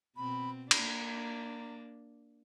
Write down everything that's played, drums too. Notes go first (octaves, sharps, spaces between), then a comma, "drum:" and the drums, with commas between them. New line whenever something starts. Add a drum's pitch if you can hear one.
B2 C4 B5
A#3 D4 A#5, drum: cymbal